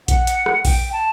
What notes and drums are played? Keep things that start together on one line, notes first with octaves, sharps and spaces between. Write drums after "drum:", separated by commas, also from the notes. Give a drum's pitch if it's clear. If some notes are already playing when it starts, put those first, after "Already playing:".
F#5, drum: kick A#1, hi-hat
drum: hi-hat
drum: rim click
G5, drum: kick A#1, open hi-hat
A5